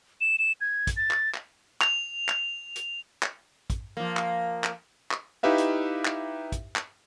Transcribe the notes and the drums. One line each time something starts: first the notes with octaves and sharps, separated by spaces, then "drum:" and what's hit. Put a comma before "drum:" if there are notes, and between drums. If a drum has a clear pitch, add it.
E7
E7
G#6
drum: kick, hi-hat
A6
drum: clap
drum: clap
F7, drum: clap
drum: clap
drum: hi-hat
drum: clap
drum: kick, hi-hat
F3 A#3
drum: clap
drum: clap
drum: clap
D#4 E4 G4 B4 E5 F5
drum: hi-hat
drum: clap
drum: kick, hi-hat
drum: clap